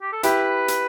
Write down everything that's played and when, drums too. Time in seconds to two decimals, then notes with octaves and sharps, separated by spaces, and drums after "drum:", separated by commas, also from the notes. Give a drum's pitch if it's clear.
0.01 G4
0.13 A4
0.23 E4 G4 B4, drum: hi-hat
0.68 drum: hi-hat